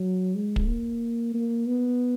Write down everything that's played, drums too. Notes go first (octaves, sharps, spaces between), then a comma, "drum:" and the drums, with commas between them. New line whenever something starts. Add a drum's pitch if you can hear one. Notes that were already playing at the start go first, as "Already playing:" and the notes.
Already playing: F#3
G#3
drum: kick
A#3
A#3
B3